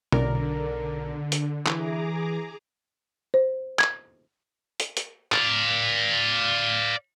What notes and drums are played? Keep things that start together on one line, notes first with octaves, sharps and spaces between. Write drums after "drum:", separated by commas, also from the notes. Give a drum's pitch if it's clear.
B1 D3 A#4 D5, drum: tom B2
drum: hi-hat
E3 G#4 A#5 D6, drum: clap
C5
G#6, drum: clap
drum: hi-hat
drum: hi-hat
D5 F5, drum: clap